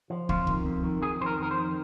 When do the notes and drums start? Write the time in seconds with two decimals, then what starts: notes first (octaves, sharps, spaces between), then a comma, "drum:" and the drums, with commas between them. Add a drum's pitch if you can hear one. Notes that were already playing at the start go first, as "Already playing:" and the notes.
0.10 F3
0.29 F2 F4, drum: kick
0.47 D#3, drum: kick
0.65 F2
0.84 D#3
1.02 F2 G#4
1.20 D#3 C5
1.26 A#4
1.38 F2 A#4
1.51 C5
1.57 D#3